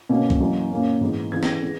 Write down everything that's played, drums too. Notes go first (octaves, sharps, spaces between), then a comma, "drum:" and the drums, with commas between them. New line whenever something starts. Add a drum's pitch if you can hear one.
B2 A#3 C#4
drum: kick C2
F#2 E3 A#3
A#2 A#3 C#4
G#2 E3 B3
C#3 E3 B3 G#6
A#6, drum: snare
G#6
G#3 B3